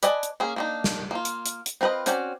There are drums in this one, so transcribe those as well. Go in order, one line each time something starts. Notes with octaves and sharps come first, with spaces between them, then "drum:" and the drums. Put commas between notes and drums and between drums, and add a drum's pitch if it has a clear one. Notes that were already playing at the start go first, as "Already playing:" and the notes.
B4 D5 D#5 G#5 A5, drum: hi-hat
drum: hi-hat
A#3 C#4 G#4
A#3 D4 D#4
drum: snare
A#3 F4
drum: hi-hat
drum: hi-hat
drum: hi-hat
C4 F4 A#4 B4 D#5
C4 C#4 F#4 D5, drum: hi-hat